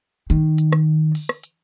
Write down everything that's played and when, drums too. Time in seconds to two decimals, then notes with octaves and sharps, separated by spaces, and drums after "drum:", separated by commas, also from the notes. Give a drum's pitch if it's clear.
0.30 D#3, drum: hi-hat
0.58 drum: hi-hat
0.73 drum: rim click
1.15 drum: open hi-hat
1.29 drum: rim click
1.43 drum: hi-hat